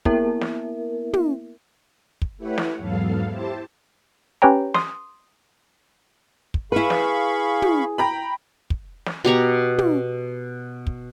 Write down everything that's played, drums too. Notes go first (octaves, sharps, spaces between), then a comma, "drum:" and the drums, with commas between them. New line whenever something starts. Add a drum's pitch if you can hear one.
A#3 B3 E4 A#4 E5, drum: kick
drum: snare
drum: tom
drum: kick
A3 E4 G4 B4 C#5 F#5
drum: snare
E2 G#2 F#3 B3 A4 F5
E4 G4 C5 A5
C#4 G4 B4 C#5 G5 A#5
C6 D#6, drum: snare
drum: kick
E4 G#4 B4 F5 B5 C#6
drum: snare
drum: tom
G5 A#5 B5
drum: kick
drum: snare
B2 G4 A#5 C#6
drum: tom
drum: kick